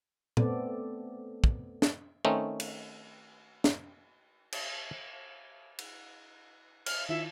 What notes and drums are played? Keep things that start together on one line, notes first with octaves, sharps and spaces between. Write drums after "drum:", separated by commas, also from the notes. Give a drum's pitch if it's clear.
A3 B3 C4 A4 D5, drum: tom
drum: kick
drum: snare
D#3 A3 C4 C#4 D#4
drum: cymbal
drum: snare
drum: cymbal
drum: cymbal
F6, drum: cymbal
D#3 E4 F4 E5